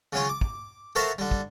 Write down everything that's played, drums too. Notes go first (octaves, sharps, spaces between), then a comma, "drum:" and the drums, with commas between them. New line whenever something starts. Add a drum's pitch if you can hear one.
C#3 F#3 C#4 F4
D6
drum: kick
F#4 A4 A#4 C5 E5 F5
D3 G3
drum: kick